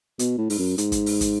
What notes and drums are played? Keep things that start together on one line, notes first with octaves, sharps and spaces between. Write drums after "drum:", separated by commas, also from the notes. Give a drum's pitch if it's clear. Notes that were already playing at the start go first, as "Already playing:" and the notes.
B2, drum: hi-hat
A2
G#2, drum: open hi-hat
F#2
G#2, drum: hi-hat
drum: kick, hi-hat
drum: open hi-hat
drum: kick, hi-hat